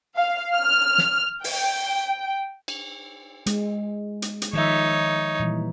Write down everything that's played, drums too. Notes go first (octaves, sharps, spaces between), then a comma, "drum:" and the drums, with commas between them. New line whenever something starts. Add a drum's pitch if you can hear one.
F5
F6
drum: snare
G5, drum: open hi-hat
drum: cymbal
G#3, drum: hi-hat
drum: hi-hat
drum: hi-hat
D#3 F3 D#4 C#5 E5
A#2 E3 G3